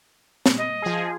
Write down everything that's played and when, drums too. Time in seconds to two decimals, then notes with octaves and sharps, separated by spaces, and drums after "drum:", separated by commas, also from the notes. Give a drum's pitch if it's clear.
0.46 drum: snare
0.58 D#5
0.82 F3 G#4